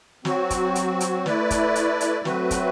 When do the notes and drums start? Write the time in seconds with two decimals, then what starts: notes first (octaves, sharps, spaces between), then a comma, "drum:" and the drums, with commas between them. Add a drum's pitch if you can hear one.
0.25 F#3 C4 F#4, drum: snare
0.50 drum: kick, hi-hat
0.75 drum: hi-hat
1.00 drum: hi-hat
1.26 A3 E4 B4 D5, drum: snare
1.51 drum: kick, hi-hat
1.76 drum: hi-hat
2.01 drum: hi-hat
2.25 F#3 A3 C4 F#4 B4, drum: snare
2.51 drum: kick, hi-hat